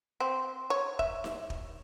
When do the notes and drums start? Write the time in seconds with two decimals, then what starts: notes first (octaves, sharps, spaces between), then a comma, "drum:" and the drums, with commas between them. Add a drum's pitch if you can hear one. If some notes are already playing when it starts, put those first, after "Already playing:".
0.20 C4
0.70 C#5
0.99 E5, drum: kick
1.24 drum: snare D#4
1.50 drum: kick